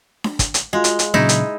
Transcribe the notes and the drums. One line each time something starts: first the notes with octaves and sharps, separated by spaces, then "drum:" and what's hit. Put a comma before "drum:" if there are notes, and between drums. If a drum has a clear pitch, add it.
drum: snare D4
drum: kick, hi-hat
drum: hi-hat
G#3 F4 F#4
drum: hi-hat
drum: hi-hat
A#2 C#3 F#3 D#4 E4, drum: snare D4
drum: hi-hat